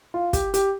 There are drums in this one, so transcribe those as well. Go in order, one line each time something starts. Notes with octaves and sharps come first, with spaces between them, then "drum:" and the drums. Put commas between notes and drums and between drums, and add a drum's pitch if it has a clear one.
F4
G4, drum: kick, hi-hat
G4, drum: hi-hat